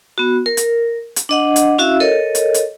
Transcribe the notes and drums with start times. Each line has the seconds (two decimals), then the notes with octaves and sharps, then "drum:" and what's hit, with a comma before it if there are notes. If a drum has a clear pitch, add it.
0.18 B3 F#4
0.46 A#4
0.57 drum: hi-hat
1.16 drum: hi-hat
1.29 D4 D#5 F#5
1.56 drum: hi-hat
1.78 C#4 E4 F#4 E5 F5 E6
2.00 A4 A#4 C#5 D#5
2.35 drum: hi-hat
2.54 drum: hi-hat